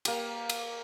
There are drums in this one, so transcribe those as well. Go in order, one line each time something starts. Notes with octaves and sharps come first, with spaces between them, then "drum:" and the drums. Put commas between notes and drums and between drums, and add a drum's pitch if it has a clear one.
A#3 G4, drum: cymbal
drum: cymbal